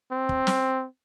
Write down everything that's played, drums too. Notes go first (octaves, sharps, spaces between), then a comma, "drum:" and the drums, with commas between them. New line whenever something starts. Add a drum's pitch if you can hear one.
C4
drum: kick
drum: snare